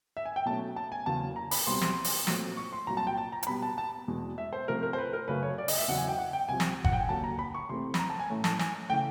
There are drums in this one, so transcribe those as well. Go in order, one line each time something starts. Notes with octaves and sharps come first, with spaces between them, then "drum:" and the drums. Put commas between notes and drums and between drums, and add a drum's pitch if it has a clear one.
E5
G#5
G5
B2 F#3 A3 C#4 A5
A5
G#5
E2 C#3 F#3 A#3 A5
A#5
B5, drum: open hi-hat
C2 B2 G3 C4 C6
C6, drum: snare
drum: open hi-hat
A#2 F#3 A3 C4, drum: snare
C#6
C6
C2 A#2 F#3 A#5
A5
G5
A5
A#5
A#5, drum: hi-hat
B2 G3 B3 B5
A5
A5
E2 B2 G#3
E5
C5
C3 F3 A3 A#4
A#4
C5
B4
A#4
F#2 C#3 F#3 A3 C#4 B4
C#5
D5
D#5, drum: open hi-hat
E5
E2 C#3 F#3 F#5
G#5
G5
F#5
G5
C2 C3 F3 G#5
drum: snare
F#5, drum: kick G1
G5
G#5
D#2 D3 F#3 A#3 A5
A#5
B5
C#6
C3 E3 A3 C4 C6
B5, drum: snare
A#5
A5
G#5
A2 E3 A3 C#4
A5, drum: snare
G#5, drum: snare
C#3 E3 A3 G5